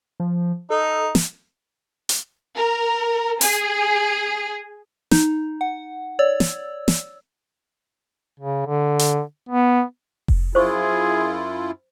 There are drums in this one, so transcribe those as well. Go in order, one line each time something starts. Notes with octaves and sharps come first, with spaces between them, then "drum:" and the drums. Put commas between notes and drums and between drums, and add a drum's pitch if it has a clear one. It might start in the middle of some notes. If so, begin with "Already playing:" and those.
F3
D#4 A4
drum: snare
drum: hi-hat
A#4
G#4, drum: open hi-hat
D#4, drum: snare
F#5
C#5 D5 E6
drum: snare
drum: snare
C#3
D3
drum: hi-hat
B3
drum: kick F1
F#2 E4 F4 G#4 C5 C#6